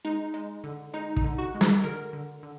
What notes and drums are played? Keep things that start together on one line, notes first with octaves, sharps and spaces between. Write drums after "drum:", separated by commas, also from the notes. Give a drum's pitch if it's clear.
G#3 D#4
G#3
D3
G#3 D#4
D#4, drum: kick
D3
F#4
G#3
G#4, drum: snare
D3 A#4
D3
D3